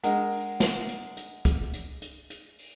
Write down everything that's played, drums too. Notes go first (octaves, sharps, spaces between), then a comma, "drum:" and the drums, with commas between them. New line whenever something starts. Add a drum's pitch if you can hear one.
G#3 D4 A#4 F#5, drum: hi-hat
drum: open hi-hat
drum: snare
drum: hi-hat
drum: hi-hat
drum: kick, hi-hat
drum: hi-hat
drum: hi-hat
drum: hi-hat
drum: open hi-hat